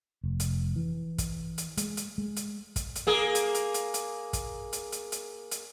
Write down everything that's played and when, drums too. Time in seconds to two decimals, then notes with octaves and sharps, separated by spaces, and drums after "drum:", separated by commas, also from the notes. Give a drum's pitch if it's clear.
0.24 F1
0.40 drum: hi-hat
0.76 E3
1.18 drum: kick, hi-hat
1.58 drum: hi-hat
1.77 G#3, drum: hi-hat
1.97 drum: hi-hat
2.18 G#3
2.36 drum: hi-hat
2.76 drum: kick, hi-hat
2.95 drum: hi-hat
3.07 A#3 G#4
3.35 drum: hi-hat
3.54 drum: hi-hat
3.74 drum: hi-hat
3.94 drum: hi-hat
4.33 drum: kick, hi-hat
4.73 drum: hi-hat
4.92 drum: hi-hat
5.12 drum: hi-hat
5.51 drum: hi-hat